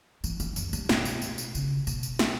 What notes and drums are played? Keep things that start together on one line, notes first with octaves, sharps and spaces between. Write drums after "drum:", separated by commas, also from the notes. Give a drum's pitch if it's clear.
E3, drum: tambourine
E3, drum: tambourine
F#2, drum: tambourine
G2, drum: tambourine
B2, drum: snare
drum: tambourine
drum: tambourine
drum: tambourine
C#3, drum: tambourine
B2, drum: tambourine
drum: tambourine
drum: snare